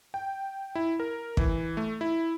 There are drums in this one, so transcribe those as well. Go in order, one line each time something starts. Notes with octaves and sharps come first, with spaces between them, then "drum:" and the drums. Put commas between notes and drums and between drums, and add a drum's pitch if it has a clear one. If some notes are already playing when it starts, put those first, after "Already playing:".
G5
E4
A#4
E3, drum: kick
A3
E4